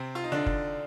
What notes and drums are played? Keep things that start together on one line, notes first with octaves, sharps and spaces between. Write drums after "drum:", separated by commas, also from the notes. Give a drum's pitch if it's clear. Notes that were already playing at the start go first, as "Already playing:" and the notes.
Already playing: C3 C4
F4
D#4
D3 D4
drum: kick